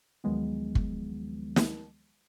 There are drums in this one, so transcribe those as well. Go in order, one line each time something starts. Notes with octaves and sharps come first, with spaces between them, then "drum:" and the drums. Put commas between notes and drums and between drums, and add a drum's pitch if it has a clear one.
D2 D#3 F3 F#3 G#3 B3
drum: kick
drum: snare